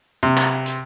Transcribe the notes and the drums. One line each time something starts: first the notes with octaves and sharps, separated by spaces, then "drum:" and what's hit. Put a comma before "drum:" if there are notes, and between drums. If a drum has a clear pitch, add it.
C3
drum: clap
drum: hi-hat